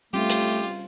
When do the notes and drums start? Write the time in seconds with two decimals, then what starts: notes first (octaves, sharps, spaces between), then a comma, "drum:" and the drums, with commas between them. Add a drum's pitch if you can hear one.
0.13 G3 A3 C4 C#4 F4 G4
0.30 drum: hi-hat